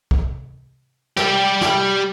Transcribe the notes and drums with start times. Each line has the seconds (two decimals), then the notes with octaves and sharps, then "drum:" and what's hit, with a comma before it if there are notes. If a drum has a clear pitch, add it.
0.11 drum: kick
1.17 G3 G4, drum: snare
1.61 drum: snare